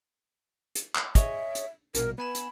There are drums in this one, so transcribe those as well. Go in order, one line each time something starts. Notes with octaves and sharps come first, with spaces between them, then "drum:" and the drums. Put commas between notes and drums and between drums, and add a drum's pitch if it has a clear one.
drum: hi-hat
drum: clap
G#4 C#5 D#5 E5, drum: kick, hi-hat
drum: hi-hat
A#1 G2 B2 A#4, drum: hi-hat
B3 G#5 B5 E7
drum: hi-hat